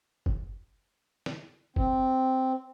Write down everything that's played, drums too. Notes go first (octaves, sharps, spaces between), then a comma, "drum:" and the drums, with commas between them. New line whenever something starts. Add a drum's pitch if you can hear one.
drum: kick F#1
drum: snare
C4, drum: kick F#1